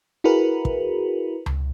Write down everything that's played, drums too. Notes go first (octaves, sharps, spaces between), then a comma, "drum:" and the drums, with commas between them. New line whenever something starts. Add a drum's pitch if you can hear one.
E4 F#4 G#4 A#4 B4
drum: kick
drum: tom C#2